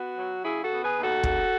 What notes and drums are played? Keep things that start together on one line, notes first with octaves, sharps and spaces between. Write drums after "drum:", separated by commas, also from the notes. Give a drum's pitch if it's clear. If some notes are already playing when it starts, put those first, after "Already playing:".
Already playing: B3 F#4
F#3
C#3 E4 G#4
F#4 A4
B3
G#4 B4
D#2
F#4 A4
C#3, drum: kick